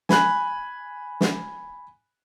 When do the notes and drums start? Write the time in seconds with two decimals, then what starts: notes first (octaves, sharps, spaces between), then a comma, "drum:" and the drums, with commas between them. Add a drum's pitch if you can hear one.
0.09 G#5 B5 F#6, drum: snare
1.21 drum: snare